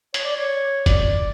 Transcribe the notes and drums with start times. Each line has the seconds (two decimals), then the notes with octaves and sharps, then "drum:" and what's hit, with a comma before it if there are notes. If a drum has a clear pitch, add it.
0.14 C#5, drum: hi-hat
0.25 D5
0.35 C#5
0.86 D5, drum: kick, hi-hat